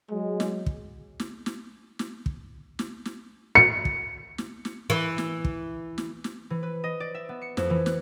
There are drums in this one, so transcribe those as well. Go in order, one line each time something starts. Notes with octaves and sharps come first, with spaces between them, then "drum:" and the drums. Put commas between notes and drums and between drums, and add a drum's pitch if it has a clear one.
F#3 G#3
drum: snare
drum: kick
drum: snare
drum: snare
drum: snare
drum: kick
drum: snare
drum: snare
C#7
drum: kick
drum: snare
drum: snare
E3
drum: snare
drum: kick
drum: snare
drum: snare
E3
B4
D#5
D5
E5
B3
C#7
F2, drum: snare
E3
F#6, drum: snare